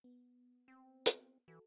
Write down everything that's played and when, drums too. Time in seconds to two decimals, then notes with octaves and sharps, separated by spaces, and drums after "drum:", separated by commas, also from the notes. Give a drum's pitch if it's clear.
0.04 B3
0.68 C4
1.06 drum: hi-hat
1.48 E3 F#4 A4